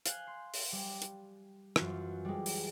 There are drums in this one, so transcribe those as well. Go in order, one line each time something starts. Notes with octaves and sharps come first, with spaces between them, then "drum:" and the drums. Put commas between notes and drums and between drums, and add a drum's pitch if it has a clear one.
F5 G#5 F#6 G6, drum: hi-hat
C6
drum: open hi-hat
G3
drum: hi-hat
F#2 E3 F4 F#4, drum: rim click
G3 G#3
drum: open hi-hat